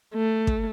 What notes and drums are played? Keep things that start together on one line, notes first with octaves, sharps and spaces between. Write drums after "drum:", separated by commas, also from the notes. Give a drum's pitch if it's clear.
A3
drum: kick